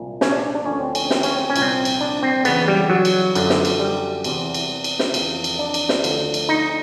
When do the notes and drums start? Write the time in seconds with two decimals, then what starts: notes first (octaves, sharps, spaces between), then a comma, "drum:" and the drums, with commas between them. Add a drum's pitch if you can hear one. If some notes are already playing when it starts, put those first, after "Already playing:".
Already playing: C2 A#2 F3
0.21 C#4, drum: snare
0.32 D4
0.55 D4
0.65 D2 D3 F3 C#4
0.80 C4
0.95 C#4, drum: cymbal
1.10 C4, drum: snare
1.23 C#4, drum: cymbal
1.36 C4
1.49 C#4
1.56 C2 A#2 F3, drum: cymbal
1.62 C4
1.85 drum: cymbal
2.01 D4
2.23 C4
2.45 E2 C#3 E3 B3, drum: cymbal
2.68 G3
2.90 F#3
3.05 drum: cymbal
3.35 F#2 D3 F3, drum: cymbal
3.50 drum: snare
3.65 drum: cymbal
3.80 G3
4.24 E2 C3 E3, drum: cymbal
4.54 drum: cymbal
4.84 drum: cymbal
4.99 drum: snare
5.14 F2 C#3 E3, drum: cymbal
5.44 drum: cymbal
5.59 D4
5.74 drum: cymbal
5.89 drum: snare
6.04 D2 D3 F3, drum: cymbal
6.34 drum: cymbal
6.49 D#4